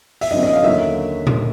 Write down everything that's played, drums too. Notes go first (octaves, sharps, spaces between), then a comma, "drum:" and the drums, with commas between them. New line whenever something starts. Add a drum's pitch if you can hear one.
E5, drum: open hi-hat
G#1 F#2 D3 F#3 B3 D#5
D#5
F5
D#2 D3 F#3 A#3 E5
drum: tom A#2